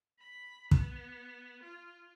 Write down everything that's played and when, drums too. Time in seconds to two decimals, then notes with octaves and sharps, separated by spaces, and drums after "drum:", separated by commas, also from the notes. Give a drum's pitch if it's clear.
0.20 B5
0.71 B3, drum: kick
1.63 F4